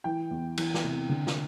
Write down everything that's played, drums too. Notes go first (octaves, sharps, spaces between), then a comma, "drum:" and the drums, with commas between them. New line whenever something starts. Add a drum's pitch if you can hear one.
E3 G5
E2
E3, drum: cymbal
drum: snare
C3
D3
drum: snare